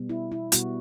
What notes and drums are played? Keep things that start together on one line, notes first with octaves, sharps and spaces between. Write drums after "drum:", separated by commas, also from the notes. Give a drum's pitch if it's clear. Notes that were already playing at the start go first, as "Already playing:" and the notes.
Already playing: B2 G3 B3
E4
E4
B2 G3 B3 F#4, drum: hi-hat